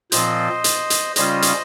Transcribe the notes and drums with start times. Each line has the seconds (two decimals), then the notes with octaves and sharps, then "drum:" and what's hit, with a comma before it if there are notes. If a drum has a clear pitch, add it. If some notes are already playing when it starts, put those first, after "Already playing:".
0.12 A#2 F3 C4 C5 D#5, drum: hi-hat
0.64 drum: hi-hat
0.90 drum: hi-hat
1.16 C#3 G3 C#4 F4 C5 D#5, drum: hi-hat
1.42 drum: hi-hat